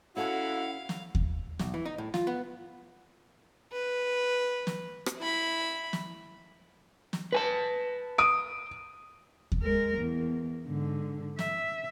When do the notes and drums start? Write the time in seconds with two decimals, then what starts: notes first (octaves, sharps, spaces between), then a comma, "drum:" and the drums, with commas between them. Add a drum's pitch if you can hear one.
0.17 C#4 E4 F#4 A4 F5 F#5 G#5
0.89 drum: snare
1.15 drum: kick D#2
1.59 B1, drum: snare
1.74 E3
1.85 D#4
1.98 A2
2.14 F4, drum: snare
2.27 B3
3.72 B4
4.67 drum: snare
5.06 drum: rim click
5.19 E4 B5
5.93 drum: snare
7.13 drum: snare
7.32 B4 G#5 A5
8.18 D#6 D7
9.52 drum: kick D#2
9.62 G#3 A#4
9.99 E2
10.67 G#2 D3
11.39 E5, drum: snare